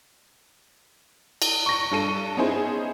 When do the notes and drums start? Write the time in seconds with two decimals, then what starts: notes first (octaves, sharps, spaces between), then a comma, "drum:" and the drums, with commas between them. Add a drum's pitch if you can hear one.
1.42 drum: cymbal
1.66 C#6 A#6
1.91 G2 A4 D#7
2.37 B3 C#4 D#4 E4 G#4 C5